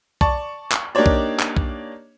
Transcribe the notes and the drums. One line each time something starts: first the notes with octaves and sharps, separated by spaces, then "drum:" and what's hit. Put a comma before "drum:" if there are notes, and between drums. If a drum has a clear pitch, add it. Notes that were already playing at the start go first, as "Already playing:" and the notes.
D5 A5 C#6, drum: kick B1
drum: clap
A#3 D4 D#4 G4 C#5 D5
drum: kick B1
drum: clap
drum: kick B1